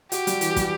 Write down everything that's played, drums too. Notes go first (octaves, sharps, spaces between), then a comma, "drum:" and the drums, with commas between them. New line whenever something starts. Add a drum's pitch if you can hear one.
F#4 G4, drum: hi-hat
G3, drum: hi-hat
E3, drum: hi-hat
G3, drum: kick, hi-hat